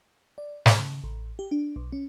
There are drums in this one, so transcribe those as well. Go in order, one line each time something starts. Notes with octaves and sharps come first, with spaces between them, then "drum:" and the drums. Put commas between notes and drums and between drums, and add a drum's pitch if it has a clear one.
D5
B2, drum: snare
C#3
A1
G4
D4
B1
C#4